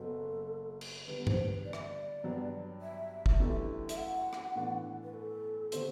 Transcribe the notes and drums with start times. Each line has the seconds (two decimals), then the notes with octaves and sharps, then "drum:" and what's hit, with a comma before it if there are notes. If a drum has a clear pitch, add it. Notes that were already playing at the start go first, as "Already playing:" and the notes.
Already playing: F#1 F#2 F#3 B3 A4
0.81 drum: cymbal
1.07 D3 G3 B3 B4
1.27 C5, drum: tom G2
1.46 B4
1.65 D5
1.73 E5, drum: rim click
1.81 D5
2.23 G2 F#3 B3
2.81 E5
3.26 drum: kick
3.40 F#2 E3 A3 D4 G4
3.89 E5, drum: hi-hat
3.97 F#5
4.33 drum: rim click
4.56 A2 E3 B3 D4
5.03 B4
5.14 A4
5.72 D3 A3 C4 G4 C5, drum: hi-hat